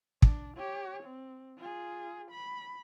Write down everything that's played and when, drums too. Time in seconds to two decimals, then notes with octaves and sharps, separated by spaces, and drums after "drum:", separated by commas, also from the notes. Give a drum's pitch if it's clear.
0.22 D4, drum: kick
0.57 G4 C#5
1.03 C4
1.58 F4 G#4
2.31 B5